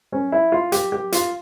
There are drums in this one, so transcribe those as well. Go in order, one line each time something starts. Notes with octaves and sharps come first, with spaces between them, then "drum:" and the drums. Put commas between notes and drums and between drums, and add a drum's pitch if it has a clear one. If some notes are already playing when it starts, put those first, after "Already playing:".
C#4
E4
F4
G4, drum: hi-hat
G4
F4, drum: hi-hat